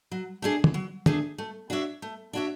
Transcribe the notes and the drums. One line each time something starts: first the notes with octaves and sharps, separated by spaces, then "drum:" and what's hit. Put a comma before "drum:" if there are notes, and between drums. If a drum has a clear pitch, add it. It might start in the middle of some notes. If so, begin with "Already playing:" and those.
F#3
A3 D4 G#4
drum: tom
F#3
A3 D4 G#4, drum: tom
A3
D4 F#4 C#5 E5
A3
D4 F#4 C#5 E5